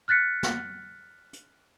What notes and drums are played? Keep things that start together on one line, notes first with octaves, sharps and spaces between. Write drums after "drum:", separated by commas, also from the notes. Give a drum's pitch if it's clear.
F6 F#6 A6 B6 C#7
drum: snare
drum: hi-hat